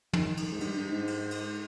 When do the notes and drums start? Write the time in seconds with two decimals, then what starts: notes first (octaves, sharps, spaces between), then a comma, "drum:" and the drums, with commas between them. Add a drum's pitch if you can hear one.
0.13 D#3, drum: tom
0.37 drum: cymbal
0.52 G#2
0.61 G2, drum: cymbal
0.76 G2
0.92 G#2
1.07 drum: cymbal
1.31 drum: cymbal